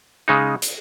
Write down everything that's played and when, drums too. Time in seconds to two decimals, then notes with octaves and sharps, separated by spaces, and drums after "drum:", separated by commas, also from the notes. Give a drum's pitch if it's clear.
0.28 C#3 G#3 D#4
0.62 drum: hi-hat